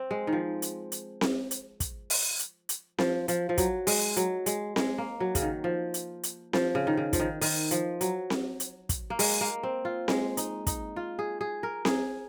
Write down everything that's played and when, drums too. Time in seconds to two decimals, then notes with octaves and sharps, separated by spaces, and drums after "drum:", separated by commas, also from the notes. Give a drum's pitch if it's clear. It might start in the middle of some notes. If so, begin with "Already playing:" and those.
Already playing: C4
0.11 G#3
0.27 D#3
0.33 F3
0.62 drum: hi-hat
0.92 drum: hi-hat
1.21 drum: snare C4
1.51 drum: hi-hat
1.80 drum: kick, hi-hat
2.10 drum: open hi-hat
2.39 drum: hi-hat
2.69 drum: hi-hat
2.98 F3, drum: snare C4
3.28 F3, drum: hi-hat
3.49 F3
3.58 F#3, drum: kick, hi-hat
3.87 G#3, drum: open hi-hat
4.17 F#3, drum: hi-hat
4.46 G#3, drum: hi-hat
4.76 G#3, drum: snare C4
4.98 A#3
5.20 F#3
5.35 C#3, drum: kick, hi-hat
5.42 D#3
5.64 F3
5.94 drum: hi-hat
6.23 drum: hi-hat
6.53 F3, drum: snare C4
6.75 C#3
6.87 D#3
6.97 C#3
7.13 F3, drum: kick, hi-hat
7.20 D#3
7.41 D#3, drum: open hi-hat
7.71 F3, drum: hi-hat
8.01 F#3, drum: hi-hat
8.30 drum: snare C4
8.60 drum: hi-hat
8.89 drum: kick, hi-hat
9.10 A#3
9.19 G#3, drum: open hi-hat
9.41 A#3
9.63 C4
9.85 F4
10.08 G#3, drum: snare C4
10.37 D#4, drum: hi-hat
10.67 D#4, drum: kick, hi-hat
10.96 F4
11.19 G#4
11.41 G#4
11.63 A#4
11.85 G#4, drum: snare C4